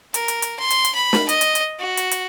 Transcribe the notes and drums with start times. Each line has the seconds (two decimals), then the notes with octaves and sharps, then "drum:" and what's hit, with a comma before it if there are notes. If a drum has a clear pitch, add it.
0.14 A#4, drum: hi-hat
0.28 drum: hi-hat
0.42 drum: hi-hat
0.59 C6
0.70 drum: hi-hat
0.85 drum: hi-hat
0.94 B5
1.13 drum: snare
1.29 D#5, drum: hi-hat
1.41 drum: hi-hat
1.55 drum: hi-hat
1.79 F#4
1.97 drum: hi-hat
2.11 drum: hi-hat